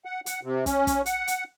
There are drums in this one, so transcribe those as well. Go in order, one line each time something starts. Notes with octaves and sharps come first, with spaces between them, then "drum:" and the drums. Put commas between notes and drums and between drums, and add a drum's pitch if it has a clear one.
F#5
F#5, drum: hi-hat
C3
C#4, drum: kick, hi-hat
drum: kick, hi-hat
F#5, drum: hi-hat
drum: hi-hat